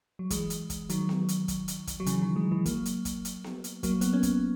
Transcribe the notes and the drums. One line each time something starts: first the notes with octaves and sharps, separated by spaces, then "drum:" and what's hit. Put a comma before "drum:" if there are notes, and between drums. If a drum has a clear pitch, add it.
F#3
E3 G#3, drum: kick, hi-hat
drum: hi-hat
drum: kick, hi-hat
D#3 F#3, drum: hi-hat
drum: snare B3
drum: hi-hat
drum: kick, hi-hat
drum: hi-hat
drum: kick, hi-hat
F#3
C#3 E3, drum: hi-hat
D#3 F#3
E3 G#3
E3 G#3
F#3 A#3, drum: kick, hi-hat
drum: hi-hat
drum: kick, hi-hat
drum: hi-hat
drum: snare B3
drum: hi-hat
F#3 A#3, drum: kick, hi-hat
B3, drum: hi-hat
A#3 C#4
drum: kick, hi-hat